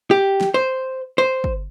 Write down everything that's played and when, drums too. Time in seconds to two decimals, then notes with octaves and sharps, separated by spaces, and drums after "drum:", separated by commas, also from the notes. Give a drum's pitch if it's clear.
0.11 G4
0.41 drum: snare
0.54 C5
1.18 C5
1.44 drum: kick